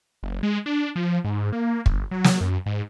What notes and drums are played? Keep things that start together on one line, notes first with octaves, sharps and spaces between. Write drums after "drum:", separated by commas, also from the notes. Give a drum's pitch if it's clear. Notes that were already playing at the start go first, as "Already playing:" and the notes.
F#1
G#3
D4
F3
G#2
A#3
G1, drum: kick
F#3
drum: snare
F#2
G#2